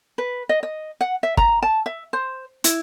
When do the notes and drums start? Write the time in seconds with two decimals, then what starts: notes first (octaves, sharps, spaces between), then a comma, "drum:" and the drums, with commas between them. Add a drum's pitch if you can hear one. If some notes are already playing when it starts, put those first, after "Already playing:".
0.18 B4
0.49 D#5
0.63 D#5
1.01 F#5
1.23 E5
1.37 A#5, drum: kick
1.63 A5
1.86 E5
2.13 C5
2.64 E4, drum: hi-hat